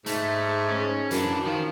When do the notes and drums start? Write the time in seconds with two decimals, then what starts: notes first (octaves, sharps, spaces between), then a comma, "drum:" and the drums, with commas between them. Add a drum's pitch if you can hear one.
0.06 G#2 A3, drum: hi-hat
0.69 C#4
1.11 F#2 E3 D4, drum: hi-hat
1.44 D#3 F3 F4